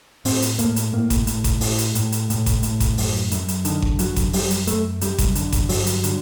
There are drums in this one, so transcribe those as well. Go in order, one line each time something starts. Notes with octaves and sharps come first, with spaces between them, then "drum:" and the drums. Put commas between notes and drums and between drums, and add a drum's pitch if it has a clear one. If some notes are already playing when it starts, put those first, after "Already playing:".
A2 C4, drum: open hi-hat
drum: hi-hat
A2 A#3, drum: hi-hat
drum: hi-hat
A2 A#3
drum: kick G#1, hi-hat
A2, drum: hi-hat
drum: kick G#1, hi-hat
A2, drum: open hi-hat
drum: hi-hat
A2, drum: hi-hat
drum: hi-hat
A2, drum: hi-hat
drum: kick G#1, hi-hat
A2, drum: hi-hat
drum: kick G#1, hi-hat
F#2, drum: open hi-hat
F#2, drum: hi-hat
drum: hi-hat
D3 D#3, drum: hi-hat
drum: kick G#1
F#2 F#3, drum: hi-hat
drum: kick G#1, hi-hat
F#2 G3, drum: open hi-hat
drum: hi-hat
F#2 A3, drum: hi-hat
F#2 G3, drum: hi-hat
drum: kick G#1, hi-hat
D3, drum: hi-hat
drum: kick G#1, hi-hat
G2 F#3, drum: open hi-hat
drum: hi-hat
D3, drum: hi-hat